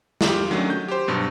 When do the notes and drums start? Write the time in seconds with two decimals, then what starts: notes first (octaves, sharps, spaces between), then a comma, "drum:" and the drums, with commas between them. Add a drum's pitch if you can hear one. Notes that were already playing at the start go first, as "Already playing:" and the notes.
0.21 F4 G4, drum: snare
0.50 D#3 F#3 A3 C#4 D4
0.70 G6
0.88 G4 C5
1.08 G2 B2 F#3